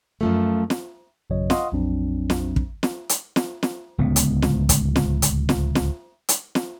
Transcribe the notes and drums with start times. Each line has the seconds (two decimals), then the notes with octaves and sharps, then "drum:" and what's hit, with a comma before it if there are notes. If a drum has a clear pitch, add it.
0.21 F#2 F3 A3
0.70 drum: snare
1.30 A1 F#2 C#3 F#3 C#5 D#5
1.50 D#5 F5 F#5 C6 C#6 D#6, drum: snare
1.72 A#1 F2 F#3 C4 D4
2.30 drum: snare
2.56 drum: kick
2.83 drum: snare
3.09 drum: hi-hat
3.36 drum: snare
3.63 drum: snare
3.98 D1 C#2 A2 B3
4.16 drum: hi-hat
4.42 drum: snare
4.69 drum: kick, hi-hat
4.96 drum: snare
5.22 drum: hi-hat
5.49 drum: snare
5.75 drum: snare
6.29 drum: hi-hat
6.55 drum: snare